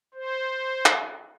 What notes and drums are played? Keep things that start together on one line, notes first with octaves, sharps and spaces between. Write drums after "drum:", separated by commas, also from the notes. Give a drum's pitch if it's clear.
C5
drum: clap